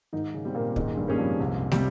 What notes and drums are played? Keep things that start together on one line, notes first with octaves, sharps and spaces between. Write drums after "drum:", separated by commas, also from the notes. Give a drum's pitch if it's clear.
G#2 D#3 D#4
C#3 C#4
G3 C4
A#2 A#3
G#2 D#3 G#3, drum: kick
G2 G3
G3 A#3 C#4 G#4
F2 F3
C2
C3 G3, drum: snare